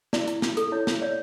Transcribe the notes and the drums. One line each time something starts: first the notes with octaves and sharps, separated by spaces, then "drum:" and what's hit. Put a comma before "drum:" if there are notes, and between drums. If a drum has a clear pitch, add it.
E4 D5, drum: snare
E4, drum: hi-hat
E4, drum: snare
A4, drum: hi-hat
E4 C#5
E4, drum: snare
C#5 D5